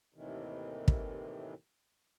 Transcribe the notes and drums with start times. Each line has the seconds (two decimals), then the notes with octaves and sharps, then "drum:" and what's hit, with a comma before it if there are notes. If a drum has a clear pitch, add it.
0.14 D#2 A2 C3 D#3 E3
0.88 drum: kick